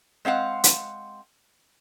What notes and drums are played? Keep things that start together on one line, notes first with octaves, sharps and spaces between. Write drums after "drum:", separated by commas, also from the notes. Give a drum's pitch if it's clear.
G#3 C4 F5 F#5
drum: hi-hat